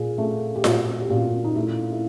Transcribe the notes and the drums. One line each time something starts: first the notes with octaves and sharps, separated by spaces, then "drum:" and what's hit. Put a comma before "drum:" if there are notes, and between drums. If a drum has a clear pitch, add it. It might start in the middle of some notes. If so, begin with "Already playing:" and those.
Already playing: A#2 G#4
A3
G4
A#2 F#4, drum: snare F4
G4
A#2 F#4
D#4
A3 E4
E4